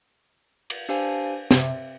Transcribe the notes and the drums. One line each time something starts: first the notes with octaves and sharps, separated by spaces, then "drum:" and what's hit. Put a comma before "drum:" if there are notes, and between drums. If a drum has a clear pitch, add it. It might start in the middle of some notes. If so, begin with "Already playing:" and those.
drum: cymbal
D4 G4 C5 F5 G#5
C3, drum: snare